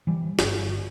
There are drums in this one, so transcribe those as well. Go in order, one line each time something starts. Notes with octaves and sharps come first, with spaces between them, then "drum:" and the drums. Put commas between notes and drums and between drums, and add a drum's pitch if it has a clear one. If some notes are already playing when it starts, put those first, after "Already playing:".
E3 G3
G1, drum: snare